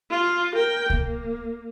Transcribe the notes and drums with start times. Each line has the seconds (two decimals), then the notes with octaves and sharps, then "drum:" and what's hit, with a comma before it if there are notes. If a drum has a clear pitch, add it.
0.11 F4
0.56 A#4 G5
0.90 A#3, drum: kick C2